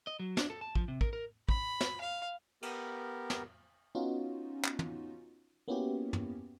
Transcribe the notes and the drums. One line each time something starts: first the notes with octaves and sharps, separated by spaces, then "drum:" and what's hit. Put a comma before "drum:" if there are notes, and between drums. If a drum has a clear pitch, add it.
D#5
F#3
D4, drum: snare
A4
A5
F3, drum: kick
C3
A#4, drum: kick
A#4
B5, drum: kick
drum: snare
F5
B3 G4 A#4, drum: cymbal
drum: snare
B3 C#4 D#4 F4 F#4
drum: clap
drum: tom
A#3 B3 C#4 E4 F#4 G4
drum: tom